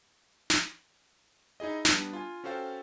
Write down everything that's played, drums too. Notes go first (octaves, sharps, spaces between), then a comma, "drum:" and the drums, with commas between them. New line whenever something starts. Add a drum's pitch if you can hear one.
drum: snare
D#4 E4 G#4 D#5
G3 B3 D4, drum: snare
F4 G#5
C#4 F#4 A4 C5 F5 G5